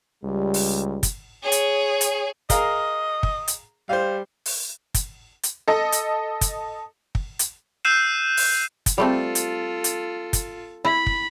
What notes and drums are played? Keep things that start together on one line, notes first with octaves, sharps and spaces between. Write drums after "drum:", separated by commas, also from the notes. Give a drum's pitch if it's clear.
C#2 G3
drum: open hi-hat
drum: kick, hi-hat
G#4 C#5
drum: hi-hat
drum: hi-hat
G#4 A#4 D#5 F5, drum: kick, hi-hat
drum: kick
drum: hi-hat
G3 C5 F5
drum: open hi-hat
drum: kick, hi-hat
drum: hi-hat
A4 D#5
drum: hi-hat
drum: kick, hi-hat
drum: kick
drum: hi-hat
E6 F#6 G6 C7 D#7 E7
drum: open hi-hat
drum: kick, hi-hat
G3 A3 C4 F4 A4
drum: hi-hat
drum: hi-hat
drum: kick, hi-hat
E4 B5
drum: kick